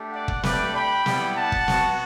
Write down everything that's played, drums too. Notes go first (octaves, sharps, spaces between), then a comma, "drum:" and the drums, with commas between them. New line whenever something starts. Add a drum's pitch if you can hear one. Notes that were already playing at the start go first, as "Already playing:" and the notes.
Already playing: A3 D4 G4
D5 F#5
drum: kick
A3 D4 G4 B4 D5, drum: snare
G5 B5
G3 B3 E4 G4, drum: snare
F#5 A5
drum: kick
B3 F#4, drum: snare